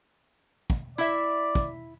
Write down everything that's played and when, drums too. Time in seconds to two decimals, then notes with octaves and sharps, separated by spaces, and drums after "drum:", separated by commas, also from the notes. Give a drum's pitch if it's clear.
0.70 drum: kick
0.98 E4 D5 E5
1.55 drum: kick